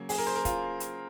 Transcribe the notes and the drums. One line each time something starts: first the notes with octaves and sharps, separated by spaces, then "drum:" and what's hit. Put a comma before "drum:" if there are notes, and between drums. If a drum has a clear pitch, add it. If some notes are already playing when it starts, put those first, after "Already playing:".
Already playing: C#3 F#3 A#3 C#4
G#4, drum: open hi-hat
A#4
C5
A#4
F4, drum: kick, hi-hat
drum: hi-hat